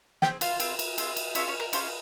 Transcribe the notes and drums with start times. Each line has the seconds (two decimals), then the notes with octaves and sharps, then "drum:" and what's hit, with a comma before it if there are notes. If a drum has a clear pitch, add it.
0.22 C4 F4 G4 G#4 G5, drum: snare
0.41 F4 F5, drum: cymbal
0.60 C4 F4 G#4, drum: cymbal
0.79 drum: cymbal
0.98 C4 F4 G#4, drum: cymbal
1.16 drum: cymbal
1.35 C#4 E4 F4 G#4 E5, drum: cymbal
1.48 C#4 C#5
1.60 A#4
1.73 C#4 F4 G#4 C5, drum: cymbal